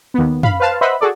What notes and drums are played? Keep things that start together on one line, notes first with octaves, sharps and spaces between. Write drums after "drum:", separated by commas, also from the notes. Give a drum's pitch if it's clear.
D#2 B3
F5 B5, drum: tom
B4 C5 F5 A5
B4 C5 D#5 E5 F#5 B5
F#4 G#4 A4 D5